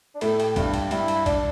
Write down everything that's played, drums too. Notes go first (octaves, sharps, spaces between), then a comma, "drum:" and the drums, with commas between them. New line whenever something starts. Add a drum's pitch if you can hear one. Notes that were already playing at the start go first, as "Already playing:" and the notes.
D4
A2 A3 E4, drum: cymbal
G4, drum: cymbal
G2 G3 E4, drum: kick B1, cymbal
G4, drum: cymbal
G2 G3 E4, drum: cymbal
drum: cymbal
D4, drum: kick B1, cymbal